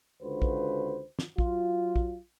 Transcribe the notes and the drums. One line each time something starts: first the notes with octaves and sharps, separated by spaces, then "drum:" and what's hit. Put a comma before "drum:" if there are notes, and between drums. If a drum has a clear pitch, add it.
C#2 D3 F#4 B4 C5
drum: kick
drum: snare
F#3 F4, drum: kick
drum: kick